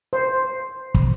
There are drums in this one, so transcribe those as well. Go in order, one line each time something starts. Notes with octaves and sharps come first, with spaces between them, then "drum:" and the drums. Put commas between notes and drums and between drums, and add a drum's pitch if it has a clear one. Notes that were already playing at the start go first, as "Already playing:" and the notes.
C5
drum: kick